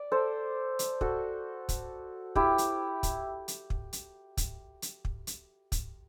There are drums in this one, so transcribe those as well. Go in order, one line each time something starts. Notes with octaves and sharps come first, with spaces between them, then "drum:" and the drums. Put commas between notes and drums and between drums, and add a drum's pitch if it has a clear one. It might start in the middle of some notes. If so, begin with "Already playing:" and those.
Already playing: D5
A4 C5
drum: hi-hat
F#4 A4, drum: kick
drum: kick, hi-hat
E4 G4, drum: kick
drum: hi-hat
drum: kick, hi-hat
drum: hi-hat
drum: kick
drum: hi-hat
drum: kick, hi-hat
drum: hi-hat
drum: kick
drum: hi-hat
drum: kick, hi-hat